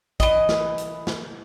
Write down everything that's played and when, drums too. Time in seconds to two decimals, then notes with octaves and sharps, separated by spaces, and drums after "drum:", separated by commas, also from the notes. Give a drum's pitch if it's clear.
0.20 E3 D#5, drum: kick A1, hi-hat
0.49 drum: snare
0.78 drum: hi-hat
1.07 drum: snare